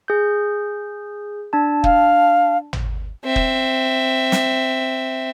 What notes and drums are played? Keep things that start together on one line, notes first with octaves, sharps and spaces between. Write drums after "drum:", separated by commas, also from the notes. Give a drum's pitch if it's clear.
G#4 G6
D4 A5
F5, drum: kick
drum: tom
C4 E5
drum: kick
drum: snare